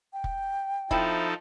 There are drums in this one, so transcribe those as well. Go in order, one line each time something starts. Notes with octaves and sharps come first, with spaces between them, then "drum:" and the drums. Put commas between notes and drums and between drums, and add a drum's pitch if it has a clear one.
G5
drum: kick
F3 C4 D#4 E4 A4, drum: kick